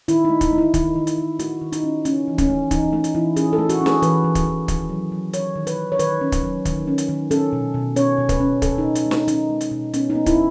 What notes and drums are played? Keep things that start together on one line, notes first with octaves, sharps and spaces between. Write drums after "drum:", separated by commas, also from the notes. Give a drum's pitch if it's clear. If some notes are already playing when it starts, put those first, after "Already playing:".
D#3 E4, drum: hi-hat
D#4
A3
D#4, drum: kick, hi-hat
A3
E4
D#3, drum: kick, hi-hat
D#3
drum: hi-hat
D#3
A3 F#4, drum: hi-hat
D#3
D#4, drum: hi-hat
C#4
A3 C#4, drum: hi-hat
E3
C#4, drum: kick, hi-hat
A3
E3 D#4, drum: kick, hi-hat
A3 D#4
drum: hi-hat
E3 E4
C#4 G#4, drum: hi-hat
A4
A3
F#4, drum: hi-hat
C#4
G#4, drum: snare
E3 B4, drum: hi-hat
E3
drum: kick, hi-hat
E3
D#3, drum: kick, hi-hat
F#3
F#3
F#3 C#5, drum: hi-hat
D#3
B4, drum: hi-hat
D#3
C#5
D#3 B4, drum: hi-hat
C#4
drum: kick, hi-hat
F#3
D#3, drum: kick, hi-hat
C#4
drum: hi-hat
D#3
C#4 A4, drum: hi-hat
B2
B2
C#4 C#5, drum: hi-hat
B2
B4, drum: kick, hi-hat
C#4
B2 A4, drum: kick, hi-hat
D#4
B2
D#4, drum: hi-hat
G#3
D#4, drum: snare
C#4 D#4, drum: hi-hat
G#3
drum: hi-hat
B2
B3 C#4, drum: hi-hat
D#4
B3
E4, drum: kick, hi-hat